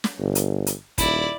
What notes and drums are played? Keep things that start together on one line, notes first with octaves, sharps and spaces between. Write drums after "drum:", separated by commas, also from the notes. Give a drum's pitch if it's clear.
drum: snare
G1
drum: hi-hat
drum: hi-hat
D#1 E4 D5, drum: kick, hi-hat